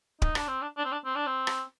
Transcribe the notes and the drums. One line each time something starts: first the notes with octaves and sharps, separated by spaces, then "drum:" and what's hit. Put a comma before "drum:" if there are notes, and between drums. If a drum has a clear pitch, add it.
D#4, drum: kick D1
D4, drum: rim click
C4
D4
D4
C4
D4
C4
D4
C4
drum: rim click